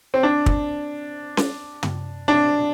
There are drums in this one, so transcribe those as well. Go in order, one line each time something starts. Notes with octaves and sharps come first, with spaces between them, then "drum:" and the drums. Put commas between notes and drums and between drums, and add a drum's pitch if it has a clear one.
C4
D4
drum: kick
drum: snare C#4
drum: tom
D4